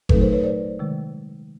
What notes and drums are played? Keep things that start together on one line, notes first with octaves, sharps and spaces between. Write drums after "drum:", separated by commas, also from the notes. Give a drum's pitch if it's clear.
A#2 F#3 A3 C4 D#4 A4 B4, drum: kick G1
A#4 C5
B4 C#5
C5 D5
C3 D#3 G#3